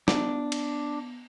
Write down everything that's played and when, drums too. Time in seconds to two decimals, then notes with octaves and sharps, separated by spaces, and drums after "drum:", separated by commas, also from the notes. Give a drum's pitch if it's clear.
0.08 B3 D4, drum: snare
0.52 drum: cymbal